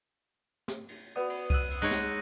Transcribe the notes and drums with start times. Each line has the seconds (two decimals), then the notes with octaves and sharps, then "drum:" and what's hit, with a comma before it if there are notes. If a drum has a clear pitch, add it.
0.68 drum: snare
0.89 drum: cymbal
1.16 B3 F#4 B4 D5 D#6
1.30 drum: cymbal
1.50 E6 F#6 D#7, drum: kick C2, cymbal
1.71 drum: cymbal
1.82 G#3 D#4 C#5 F#6 A#6 D7
1.91 drum: snare